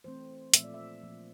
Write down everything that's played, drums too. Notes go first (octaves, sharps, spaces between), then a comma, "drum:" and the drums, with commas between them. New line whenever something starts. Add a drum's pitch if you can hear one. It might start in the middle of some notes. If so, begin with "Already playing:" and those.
E3 A3 C4 C5
A#2 F3 A3 C4 E5, drum: hi-hat
D5
E5
A#2 F3 A#3